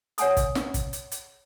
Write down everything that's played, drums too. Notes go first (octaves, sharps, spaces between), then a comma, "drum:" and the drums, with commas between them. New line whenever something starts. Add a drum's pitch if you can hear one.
C#5 F#5 G#5 D#6, drum: hi-hat
drum: kick, hi-hat
drum: snare
drum: kick, hi-hat
drum: hi-hat
drum: hi-hat